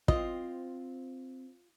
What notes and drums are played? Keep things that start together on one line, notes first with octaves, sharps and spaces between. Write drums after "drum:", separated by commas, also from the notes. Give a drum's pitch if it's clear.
C4 F4 C5 D#5, drum: kick